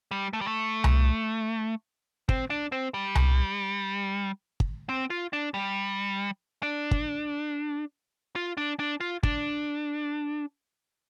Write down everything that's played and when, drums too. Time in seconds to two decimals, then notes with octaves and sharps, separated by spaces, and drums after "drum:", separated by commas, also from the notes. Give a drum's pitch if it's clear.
0.11 G3
0.33 A3
0.41 G3
0.47 A3
0.84 drum: tom C2
2.29 C4, drum: kick
2.50 D4
2.72 C4
2.94 G3
3.15 drum: tom C2
4.60 drum: kick
4.89 C4
5.10 F4
5.33 D4
5.54 G3
6.63 D4
6.91 drum: kick
8.36 F4
8.57 D4
8.79 D4
9.00 F4
9.23 D4, drum: kick